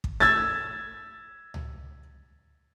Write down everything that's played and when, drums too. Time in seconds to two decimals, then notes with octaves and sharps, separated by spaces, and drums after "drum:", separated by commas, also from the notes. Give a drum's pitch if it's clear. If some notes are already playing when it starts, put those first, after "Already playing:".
0.04 drum: kick
0.20 E6 G#6 A6, drum: snare
1.54 drum: tom C#2